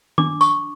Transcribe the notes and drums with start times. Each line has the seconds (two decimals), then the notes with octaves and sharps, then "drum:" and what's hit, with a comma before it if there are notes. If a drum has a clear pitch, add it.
0.18 D4 D6, drum: tom D#3
0.41 C#6, drum: tambourine